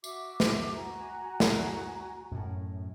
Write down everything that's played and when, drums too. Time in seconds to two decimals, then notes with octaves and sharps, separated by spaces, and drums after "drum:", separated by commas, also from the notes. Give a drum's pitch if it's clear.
0.04 F#4 E5 D6, drum: tambourine
0.40 drum: snare
0.75 F#4 G#5 A#5
1.40 drum: snare
2.32 F#2 A2